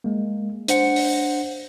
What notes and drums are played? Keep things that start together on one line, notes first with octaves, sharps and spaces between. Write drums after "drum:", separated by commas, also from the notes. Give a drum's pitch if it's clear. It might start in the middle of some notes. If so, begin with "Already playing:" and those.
G#3 A#3
D4 C5 F#5 C#7, drum: hi-hat
drum: open hi-hat